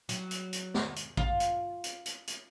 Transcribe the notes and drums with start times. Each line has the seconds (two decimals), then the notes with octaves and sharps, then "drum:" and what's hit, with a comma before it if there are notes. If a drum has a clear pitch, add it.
0.09 F#3, drum: hi-hat
0.31 drum: hi-hat
0.53 drum: hi-hat
0.74 drum: snare
0.96 drum: hi-hat
1.17 F4, drum: kick A1
1.40 drum: hi-hat
1.84 drum: hi-hat
2.06 drum: hi-hat
2.27 drum: hi-hat